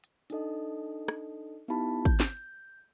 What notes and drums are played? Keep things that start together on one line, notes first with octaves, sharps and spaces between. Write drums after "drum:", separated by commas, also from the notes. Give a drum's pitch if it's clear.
drum: hi-hat
D4 D#4 A4 D#5, drum: hi-hat
drum: rim click
B3 D#4 E4 G4 A5 B5
G6, drum: kick
drum: snare